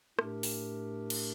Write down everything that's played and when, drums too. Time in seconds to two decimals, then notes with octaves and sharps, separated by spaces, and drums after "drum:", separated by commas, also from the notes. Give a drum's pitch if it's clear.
0.19 A2 A3 D4 G4 A#4, drum: rim click
0.43 drum: open hi-hat
1.10 drum: cymbal